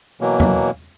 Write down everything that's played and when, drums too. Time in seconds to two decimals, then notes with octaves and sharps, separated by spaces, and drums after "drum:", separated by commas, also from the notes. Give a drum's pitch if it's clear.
0.21 B2 E3 F#3 A#3
0.40 drum: tom E2